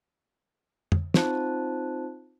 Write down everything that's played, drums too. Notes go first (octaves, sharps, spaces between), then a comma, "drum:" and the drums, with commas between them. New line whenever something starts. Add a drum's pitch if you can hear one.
drum: tom F2
C4 D#4 F4 C5 A5 F#6, drum: snare